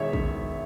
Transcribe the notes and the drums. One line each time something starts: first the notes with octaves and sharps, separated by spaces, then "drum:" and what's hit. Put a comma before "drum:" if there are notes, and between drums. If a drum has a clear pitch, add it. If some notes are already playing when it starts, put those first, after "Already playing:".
Already playing: E1 D#3 C#5 E5
D#3, drum: kick